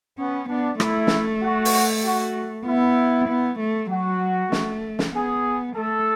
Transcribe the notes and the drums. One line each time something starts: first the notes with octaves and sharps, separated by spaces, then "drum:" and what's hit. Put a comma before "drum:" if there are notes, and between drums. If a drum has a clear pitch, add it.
B3 C#4
B3 D4
A3 E4, drum: rim click
drum: snare
F#4
drum: open hi-hat
F#4
B3 E4
B3
A3
F#3 F#4
A3, drum: snare
drum: snare
B3 G#4
A3 A4